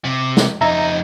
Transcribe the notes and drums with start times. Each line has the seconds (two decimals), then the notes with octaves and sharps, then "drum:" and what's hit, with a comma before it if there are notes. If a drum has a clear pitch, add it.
0.05 C3
0.37 drum: snare
0.61 F2 D#4 E5 A#5